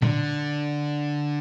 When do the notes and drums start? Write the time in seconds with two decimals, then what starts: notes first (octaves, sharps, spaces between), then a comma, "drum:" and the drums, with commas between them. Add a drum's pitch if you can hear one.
0.02 D3, drum: tom A#2